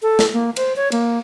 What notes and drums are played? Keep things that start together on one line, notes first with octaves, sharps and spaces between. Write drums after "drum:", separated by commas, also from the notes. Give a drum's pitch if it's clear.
A4
drum: snare
A#3
C5, drum: cymbal
C#5
A#3, drum: cymbal